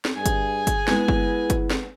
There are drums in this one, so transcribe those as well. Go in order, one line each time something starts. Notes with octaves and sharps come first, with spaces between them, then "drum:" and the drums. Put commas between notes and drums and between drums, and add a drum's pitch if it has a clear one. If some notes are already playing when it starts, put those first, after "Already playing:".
drum: snare
G2 G#4 G#5
drum: kick G1, hi-hat
drum: kick G1, hi-hat
G#3 B3 E4 B4, drum: snare
drum: kick G1
drum: kick G1, hi-hat
drum: snare